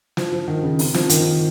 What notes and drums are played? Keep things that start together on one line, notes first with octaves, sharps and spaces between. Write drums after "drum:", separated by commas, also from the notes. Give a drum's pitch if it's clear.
F3, drum: snare
F3
D#3
C#3
C3, drum: open hi-hat
F3, drum: snare
D#3, drum: hi-hat